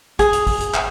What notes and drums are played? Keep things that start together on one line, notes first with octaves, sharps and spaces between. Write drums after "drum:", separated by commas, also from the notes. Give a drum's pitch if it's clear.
G#4, drum: kick, hi-hat
drum: hi-hat
drum: kick, open hi-hat
drum: hi-hat
drum: clap